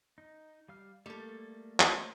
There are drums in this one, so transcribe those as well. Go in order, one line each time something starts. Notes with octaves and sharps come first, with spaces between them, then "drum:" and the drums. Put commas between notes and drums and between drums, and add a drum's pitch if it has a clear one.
D#4
G3 F5 F6
G3 A3 A#3 A4
drum: clap